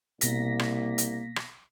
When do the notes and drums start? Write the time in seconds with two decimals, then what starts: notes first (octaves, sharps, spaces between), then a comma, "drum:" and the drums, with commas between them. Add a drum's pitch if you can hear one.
0.21 C2 B2 A#3 A#6 B6, drum: hi-hat
0.59 drum: rim click
0.98 drum: hi-hat
1.36 drum: rim click